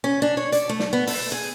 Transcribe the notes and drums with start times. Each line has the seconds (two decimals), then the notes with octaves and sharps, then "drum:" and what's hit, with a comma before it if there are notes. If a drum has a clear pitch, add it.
0.04 C#4
0.22 D4
0.37 C#5
0.52 D5, drum: hi-hat
0.69 A3
0.79 drum: snare
0.93 B3
1.07 A4, drum: open hi-hat
1.32 G#4